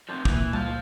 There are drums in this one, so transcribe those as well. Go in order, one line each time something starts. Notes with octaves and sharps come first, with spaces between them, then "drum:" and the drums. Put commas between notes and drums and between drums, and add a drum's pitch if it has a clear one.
C3 F3
C#2 A#2 E3 A#3, drum: kick
F5 A5, drum: tom G3